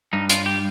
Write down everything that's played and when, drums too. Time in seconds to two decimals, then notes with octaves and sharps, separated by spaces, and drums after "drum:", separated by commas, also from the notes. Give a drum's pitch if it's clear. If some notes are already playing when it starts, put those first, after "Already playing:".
0.13 G2 D#4
0.29 F4, drum: hi-hat
0.46 G4